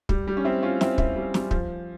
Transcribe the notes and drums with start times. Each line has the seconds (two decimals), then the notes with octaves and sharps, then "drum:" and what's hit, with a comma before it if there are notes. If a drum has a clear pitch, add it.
0.09 G3, drum: kick
0.28 G3
0.37 C#4
0.44 C4 E4
0.62 C#4 F4
0.81 C4 E4, drum: snare
0.98 C4 E4, drum: kick
1.16 G3
1.34 G3, drum: snare
1.51 F3, drum: kick